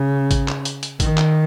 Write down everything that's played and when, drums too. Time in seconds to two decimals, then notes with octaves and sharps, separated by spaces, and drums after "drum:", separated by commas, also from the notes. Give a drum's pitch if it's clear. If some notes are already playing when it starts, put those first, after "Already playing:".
Already playing: C#3
0.31 drum: kick A1, hi-hat
0.48 drum: clap
0.65 drum: hi-hat
0.83 drum: hi-hat
1.00 D#3, drum: kick A1, hi-hat
1.17 drum: clap